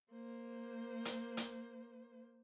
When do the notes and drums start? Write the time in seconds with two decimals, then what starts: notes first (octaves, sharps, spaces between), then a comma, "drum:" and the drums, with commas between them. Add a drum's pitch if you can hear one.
0.12 A#3 C5
1.05 drum: hi-hat
1.37 drum: hi-hat